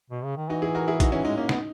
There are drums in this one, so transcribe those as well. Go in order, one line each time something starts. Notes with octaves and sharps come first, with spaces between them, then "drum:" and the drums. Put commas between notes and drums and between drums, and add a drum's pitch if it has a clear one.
B2
C#3
D#3
E3 D#4 F#4
E4 G#4
F#4 A#4
E4 G#4
E3 D#4 F#4, drum: kick, hi-hat
E3 C#4 E4
G#3 D#4
A#3 C#4
B3 D#4, drum: snare